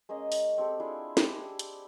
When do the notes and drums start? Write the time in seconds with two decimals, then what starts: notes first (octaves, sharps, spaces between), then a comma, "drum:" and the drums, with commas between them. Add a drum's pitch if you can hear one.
0.09 G#3 A#3 C#4 D#5
0.32 drum: open hi-hat
0.58 C4 G4 A4
0.80 D4 E4 F4 G#4
1.17 E4 G4 G#4, drum: snare
1.43 D6
1.59 drum: hi-hat